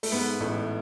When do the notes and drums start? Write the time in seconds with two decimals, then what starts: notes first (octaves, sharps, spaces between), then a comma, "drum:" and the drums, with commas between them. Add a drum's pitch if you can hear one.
0.03 A3, drum: open hi-hat
0.12 G#2 B3
0.40 A1 A3